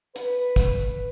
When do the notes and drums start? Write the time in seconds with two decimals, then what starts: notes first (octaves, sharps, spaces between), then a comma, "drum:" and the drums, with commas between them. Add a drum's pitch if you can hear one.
0.16 B4, drum: hi-hat
0.56 drum: kick, hi-hat